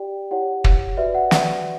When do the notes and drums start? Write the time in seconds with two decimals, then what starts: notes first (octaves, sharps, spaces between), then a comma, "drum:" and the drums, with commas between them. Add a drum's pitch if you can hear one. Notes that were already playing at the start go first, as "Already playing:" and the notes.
Already playing: G4 D5 G5
0.31 E4 G4 C#5 F#5
0.64 drum: kick
0.97 F#4 B4 D5 E5
1.15 F#5
1.31 drum: snare